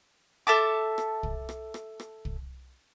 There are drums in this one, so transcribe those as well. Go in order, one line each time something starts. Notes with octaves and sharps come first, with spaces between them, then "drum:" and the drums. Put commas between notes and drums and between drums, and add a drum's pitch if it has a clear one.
A4 E5 A5 D6
drum: rim click
drum: kick
drum: rim click
drum: rim click
drum: rim click
drum: kick